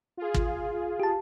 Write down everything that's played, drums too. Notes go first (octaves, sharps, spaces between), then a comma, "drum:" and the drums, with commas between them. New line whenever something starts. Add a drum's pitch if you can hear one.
F4 G#4
drum: kick
G4 A5